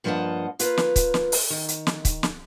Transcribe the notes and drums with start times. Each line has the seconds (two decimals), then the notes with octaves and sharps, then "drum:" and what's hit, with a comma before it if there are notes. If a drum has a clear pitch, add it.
0.04 G2 F3 A#3 D#5 F#5 A5
0.59 A#3 F4 B4, drum: hi-hat
0.77 drum: snare
0.96 drum: kick, hi-hat
1.14 drum: snare
1.32 drum: open hi-hat
1.50 D#3
1.68 drum: hi-hat
1.87 drum: snare
2.05 drum: kick, hi-hat
2.23 drum: snare